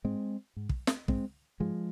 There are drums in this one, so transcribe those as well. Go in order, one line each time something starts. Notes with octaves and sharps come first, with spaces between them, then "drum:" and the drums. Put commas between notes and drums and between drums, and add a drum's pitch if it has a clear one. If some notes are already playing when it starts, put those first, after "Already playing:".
G#2 G#3 C4
G#2
drum: kick
drum: snare
G#2 G#3 C4, drum: kick
G#2 F3 G#3